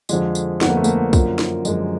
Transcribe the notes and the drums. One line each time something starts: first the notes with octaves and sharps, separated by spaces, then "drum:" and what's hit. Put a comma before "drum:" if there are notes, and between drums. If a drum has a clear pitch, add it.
F2 D3 F3 G#3, drum: tambourine
drum: tambourine
F2 D3 F3 B3, drum: snare
A#3
A3
A#3, drum: tambourine
F#2 D3 F3, drum: kick, tambourine
drum: snare
F#2 D3 F3 G#3, drum: tambourine